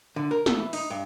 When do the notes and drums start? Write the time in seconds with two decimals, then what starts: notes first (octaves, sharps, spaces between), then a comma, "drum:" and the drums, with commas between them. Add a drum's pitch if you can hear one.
0.16 D3
0.31 A#4
0.46 A4, drum: snare
0.58 E3
0.73 D#4, drum: open hi-hat
0.90 G2